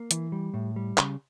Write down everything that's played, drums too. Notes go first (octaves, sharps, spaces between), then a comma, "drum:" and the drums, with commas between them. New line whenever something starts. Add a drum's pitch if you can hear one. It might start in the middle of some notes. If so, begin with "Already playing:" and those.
Already playing: A#3
E3, drum: hi-hat
G3
A2
G3
C#3, drum: clap